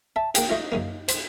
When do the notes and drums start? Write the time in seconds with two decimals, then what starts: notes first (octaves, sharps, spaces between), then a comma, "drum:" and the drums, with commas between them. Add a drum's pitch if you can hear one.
0.16 E5 A5
0.35 A#3 G#4 G5, drum: hi-hat
0.49 A3 D#4 F4 D#5 E5
0.72 F#2 C#3 A#3
1.08 C5, drum: hi-hat